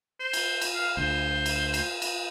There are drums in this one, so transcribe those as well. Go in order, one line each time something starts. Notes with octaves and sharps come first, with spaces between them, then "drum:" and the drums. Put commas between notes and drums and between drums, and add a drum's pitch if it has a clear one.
C5
drum: cymbal
drum: cymbal
F5
D2 C5
drum: cymbal
drum: cymbal
drum: cymbal